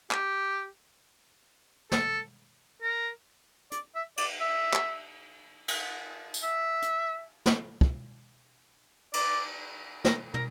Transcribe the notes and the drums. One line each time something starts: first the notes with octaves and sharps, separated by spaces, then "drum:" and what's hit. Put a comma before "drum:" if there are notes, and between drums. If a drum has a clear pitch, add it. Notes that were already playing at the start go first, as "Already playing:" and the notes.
G4, drum: clap
A4, drum: snare
A#4
D5, drum: hi-hat
E5
D5, drum: cymbal
E5
drum: clap
drum: cymbal
drum: tambourine
E5
drum: hi-hat
drum: snare
drum: kick
D5, drum: cymbal
A#4, drum: snare
A#4, drum: tom